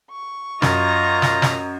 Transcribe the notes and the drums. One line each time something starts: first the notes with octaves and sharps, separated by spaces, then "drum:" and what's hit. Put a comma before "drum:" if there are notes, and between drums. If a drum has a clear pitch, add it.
C#6
F#2 F4 D#5 A#5, drum: snare
drum: snare
drum: snare